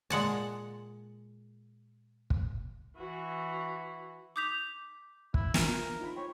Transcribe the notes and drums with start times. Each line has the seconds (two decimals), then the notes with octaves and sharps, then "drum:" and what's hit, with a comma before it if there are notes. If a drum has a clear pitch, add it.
0.10 A#2 G#3 F#5 A5
2.30 drum: kick
2.97 E3 F#4
4.36 D6 D#6 G6 B6 F7
5.34 E4, drum: kick
5.54 A#3 F4 A#4 E5, drum: snare
6.00 D#4 F4 B5
6.16 C#5 G5